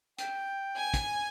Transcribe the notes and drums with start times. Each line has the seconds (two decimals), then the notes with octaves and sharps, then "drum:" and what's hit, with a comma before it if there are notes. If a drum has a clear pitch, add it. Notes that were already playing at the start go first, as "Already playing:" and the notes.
0.18 G5, drum: hi-hat
0.77 G#5
0.94 drum: kick, hi-hat